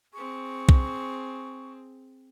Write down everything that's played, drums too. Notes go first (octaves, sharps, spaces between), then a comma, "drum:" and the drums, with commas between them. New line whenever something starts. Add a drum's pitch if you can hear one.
C4 G#4 C#6
drum: kick